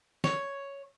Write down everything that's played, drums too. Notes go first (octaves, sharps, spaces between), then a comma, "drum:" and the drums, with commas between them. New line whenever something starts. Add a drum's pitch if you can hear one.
C#5, drum: snare